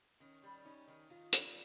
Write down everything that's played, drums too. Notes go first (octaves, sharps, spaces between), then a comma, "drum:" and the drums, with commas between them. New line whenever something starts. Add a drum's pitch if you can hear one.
D#3 C#4
G3
C#4 D#4
D#3
D#3 F4
G3, drum: hi-hat